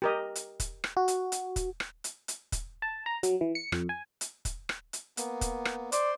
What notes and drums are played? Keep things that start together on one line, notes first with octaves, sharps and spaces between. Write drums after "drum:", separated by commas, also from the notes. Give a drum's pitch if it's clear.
G4 A#4 D#5
drum: hi-hat
drum: kick, hi-hat
drum: rim click
F#4
drum: hi-hat
drum: hi-hat
drum: kick, hi-hat
drum: rim click
drum: hi-hat
drum: hi-hat
drum: kick, hi-hat
A5
A#5
F#3, drum: hi-hat
E3
C#7
F2, drum: rim click
G#5
drum: hi-hat
drum: kick, hi-hat
drum: rim click
drum: hi-hat
A#3 B3, drum: hi-hat
drum: kick, hi-hat
drum: rim click
C5 D5 C6, drum: hi-hat